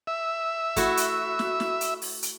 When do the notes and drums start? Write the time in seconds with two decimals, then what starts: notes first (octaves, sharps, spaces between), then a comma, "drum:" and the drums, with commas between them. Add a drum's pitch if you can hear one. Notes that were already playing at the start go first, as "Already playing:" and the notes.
0.07 E5
0.76 A3 E4 F#4, drum: kick, hi-hat
0.97 drum: hi-hat
1.39 drum: snare
1.60 drum: snare
1.81 drum: hi-hat
2.02 drum: open hi-hat
2.22 drum: hi-hat